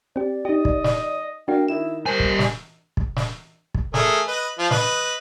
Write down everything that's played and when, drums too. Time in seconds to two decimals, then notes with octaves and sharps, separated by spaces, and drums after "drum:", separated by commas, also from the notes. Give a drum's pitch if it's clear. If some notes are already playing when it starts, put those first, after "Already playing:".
0.16 C4 G4 D5
0.45 D#4 G4 D#5
0.65 drum: kick
0.84 drum: snare
1.48 A#3 D4 F#4 G5
1.68 D#3 E4 E7
2.06 G3 A#4 C5 G#5
2.20 drum: kick
2.39 drum: snare
2.97 drum: kick
3.16 drum: snare
3.74 drum: kick
3.94 A3 G#4 A#4, drum: snare
4.27 B4 D#5
4.59 F3 F4
4.71 B4 D#5, drum: snare